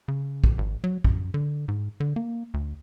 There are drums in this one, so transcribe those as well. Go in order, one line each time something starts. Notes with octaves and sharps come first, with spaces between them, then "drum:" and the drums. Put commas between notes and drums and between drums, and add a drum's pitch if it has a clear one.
C#3
drum: kick
G#1
F#3
F#2, drum: kick
D3
G#2
D3
A#3
D2